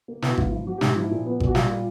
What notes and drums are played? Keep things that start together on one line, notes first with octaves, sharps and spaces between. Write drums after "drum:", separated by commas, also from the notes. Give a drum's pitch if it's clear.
A#3
B3 E4, drum: snare
F#4
G#2 F4, drum: kick G#1
F3 F4
F3 F#4
G4
G#2, drum: snare
G4
F3 E4
A#2
B3
A#2, drum: kick G#1
F#4
G3 F4, drum: snare
A#2